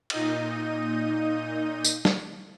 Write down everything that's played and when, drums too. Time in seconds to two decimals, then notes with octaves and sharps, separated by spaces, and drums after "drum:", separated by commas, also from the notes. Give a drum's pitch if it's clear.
0.10 A#2 D#4 D#5 G6 D#7, drum: cymbal
1.85 drum: tambourine
2.05 drum: snare